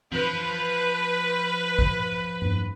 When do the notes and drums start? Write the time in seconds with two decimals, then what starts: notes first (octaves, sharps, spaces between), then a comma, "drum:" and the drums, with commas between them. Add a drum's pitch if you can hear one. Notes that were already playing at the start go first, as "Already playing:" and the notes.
0.12 F3 B4, drum: tom E3
1.79 drum: kick
2.42 drum: tom G2